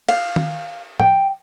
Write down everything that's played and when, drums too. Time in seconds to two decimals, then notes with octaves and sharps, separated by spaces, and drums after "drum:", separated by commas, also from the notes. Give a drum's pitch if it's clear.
0.08 F5, drum: cymbal
0.36 drum: tom D#3
1.00 G5, drum: tom